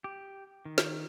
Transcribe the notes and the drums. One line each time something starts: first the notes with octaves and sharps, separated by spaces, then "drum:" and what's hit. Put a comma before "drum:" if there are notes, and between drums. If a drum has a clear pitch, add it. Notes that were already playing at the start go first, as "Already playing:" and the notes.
G4
D#3
drum: snare